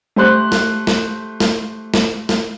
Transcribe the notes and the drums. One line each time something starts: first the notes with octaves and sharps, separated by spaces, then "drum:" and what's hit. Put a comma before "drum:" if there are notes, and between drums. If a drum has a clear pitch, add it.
A3 G4 C5 C6 F#6
drum: snare
drum: snare
drum: snare
drum: snare
drum: snare